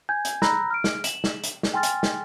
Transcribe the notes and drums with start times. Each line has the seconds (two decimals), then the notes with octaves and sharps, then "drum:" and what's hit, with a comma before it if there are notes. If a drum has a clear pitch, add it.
0.09 G#5 G6 G#6
0.25 drum: hi-hat
0.42 A#5 B5 E6 F#6 G6 A#6, drum: snare
0.70 F6 D7
0.84 drum: snare
1.04 E7 F#7, drum: hi-hat
1.24 drum: snare
1.44 drum: hi-hat
1.63 drum: snare
1.74 G5 G#5 C6 F6 A6
1.83 drum: hi-hat
2.03 drum: snare